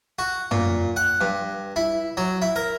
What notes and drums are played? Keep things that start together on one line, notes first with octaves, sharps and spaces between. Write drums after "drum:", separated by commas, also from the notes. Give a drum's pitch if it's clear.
F#4
A#2, drum: tom
F#5
G2
E4
F#3
E4
A#4